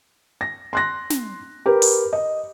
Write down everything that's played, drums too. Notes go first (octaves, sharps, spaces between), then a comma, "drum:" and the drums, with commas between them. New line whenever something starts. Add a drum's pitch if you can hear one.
A#6
C6 F#6 A#6
drum: snare
G4 A#4 B4
drum: open hi-hat
D#5